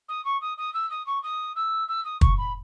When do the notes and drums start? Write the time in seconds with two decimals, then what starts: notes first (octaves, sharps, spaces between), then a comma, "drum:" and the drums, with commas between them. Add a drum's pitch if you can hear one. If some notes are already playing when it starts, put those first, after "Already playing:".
0.09 D#6
0.25 C#6
0.41 D#6
0.58 D#6
0.74 E6
0.90 D#6
1.07 C#6
1.23 D#6
1.56 E6
1.88 E6
2.05 D#6
2.21 C#6, drum: kick
2.38 B5